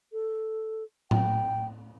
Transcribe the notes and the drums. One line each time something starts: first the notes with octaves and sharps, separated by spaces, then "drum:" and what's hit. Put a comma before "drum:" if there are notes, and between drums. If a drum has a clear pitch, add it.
A4
G5, drum: tom A2